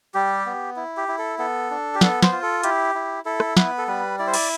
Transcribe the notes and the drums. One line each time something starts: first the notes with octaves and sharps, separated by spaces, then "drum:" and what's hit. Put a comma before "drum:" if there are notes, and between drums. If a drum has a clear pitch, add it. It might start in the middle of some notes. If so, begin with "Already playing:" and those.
G3 G4
B3
E4
G4
E4
A4
B3 A4
D4
G4
B3 A4, drum: snare
C5, drum: snare
F4
A4
E4 G4, drum: hi-hat
E4
E4 A4
drum: rim click
B3 B4, drum: snare
A4
G3 B4
E4 D5
C5
D5, drum: cymbal